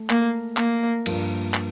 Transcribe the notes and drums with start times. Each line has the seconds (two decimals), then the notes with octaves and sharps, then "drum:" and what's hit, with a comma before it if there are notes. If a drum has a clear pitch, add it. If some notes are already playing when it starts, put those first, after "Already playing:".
Already playing: A3
0.10 A#3, drum: clap
0.57 A#3, drum: clap
1.06 G2 F3 A#3 F4, drum: cymbal
1.54 drum: clap